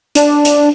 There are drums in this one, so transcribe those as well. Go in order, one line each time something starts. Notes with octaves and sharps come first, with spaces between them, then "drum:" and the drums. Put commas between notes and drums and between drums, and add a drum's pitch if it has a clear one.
D4, drum: hi-hat
drum: hi-hat